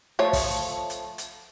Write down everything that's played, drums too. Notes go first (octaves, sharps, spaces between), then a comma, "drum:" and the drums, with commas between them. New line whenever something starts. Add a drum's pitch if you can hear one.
F3 A3 C#5
drum: kick, open hi-hat
drum: hi-hat
drum: hi-hat